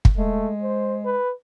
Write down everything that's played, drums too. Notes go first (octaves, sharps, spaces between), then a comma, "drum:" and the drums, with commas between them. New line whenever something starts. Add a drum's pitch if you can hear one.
drum: kick
G#3 A3
C5
B4